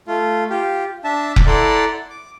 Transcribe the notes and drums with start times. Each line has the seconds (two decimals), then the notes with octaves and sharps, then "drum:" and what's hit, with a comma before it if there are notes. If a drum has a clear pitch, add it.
0.08 A3 F4
0.50 F4 G4
1.04 D4 E5 A5
1.36 drum: kick F1
1.46 E4 A4 D5 F#5 A#5 C6
2.10 D6